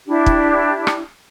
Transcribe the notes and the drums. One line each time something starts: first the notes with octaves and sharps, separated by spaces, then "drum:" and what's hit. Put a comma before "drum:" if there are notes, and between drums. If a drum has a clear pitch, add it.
D4 E4 G4
drum: kick
drum: rim click